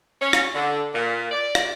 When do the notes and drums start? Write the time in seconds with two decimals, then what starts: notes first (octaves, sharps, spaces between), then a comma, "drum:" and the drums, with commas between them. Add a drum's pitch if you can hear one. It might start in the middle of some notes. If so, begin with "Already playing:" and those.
0.21 C#4
0.33 drum: rim click
0.54 D3
0.94 A#2
1.31 D5
1.55 drum: rim click